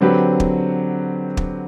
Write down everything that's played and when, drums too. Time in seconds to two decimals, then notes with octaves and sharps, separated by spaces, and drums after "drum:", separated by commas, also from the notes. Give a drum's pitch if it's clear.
0.01 D3 F#3 C4 G4 B4
0.40 drum: kick
1.37 drum: kick